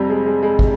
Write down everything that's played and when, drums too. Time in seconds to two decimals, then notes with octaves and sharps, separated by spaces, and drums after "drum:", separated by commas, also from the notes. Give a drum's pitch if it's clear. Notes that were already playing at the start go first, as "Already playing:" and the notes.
Already playing: F2 C3 G3
0.10 G#3
0.26 G#3
0.43 G#3
0.59 drum: kick